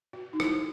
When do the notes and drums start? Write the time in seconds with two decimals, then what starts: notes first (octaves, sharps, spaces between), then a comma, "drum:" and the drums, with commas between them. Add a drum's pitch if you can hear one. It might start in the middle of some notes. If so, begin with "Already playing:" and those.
0.13 F#4
0.33 D#4
0.40 E4, drum: rim click